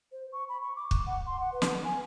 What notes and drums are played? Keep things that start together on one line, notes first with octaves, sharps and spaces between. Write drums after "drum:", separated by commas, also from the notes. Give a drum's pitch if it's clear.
C5
C#6
B5
C#6
D6
drum: kick
F#5
C6
F#5
B4
drum: snare
G#5